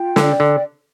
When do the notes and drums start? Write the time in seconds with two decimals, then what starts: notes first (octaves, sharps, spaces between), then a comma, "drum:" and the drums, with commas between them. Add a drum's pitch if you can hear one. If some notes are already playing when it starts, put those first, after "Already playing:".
Already playing: F4 G5
0.16 D3 D5, drum: snare
0.40 D3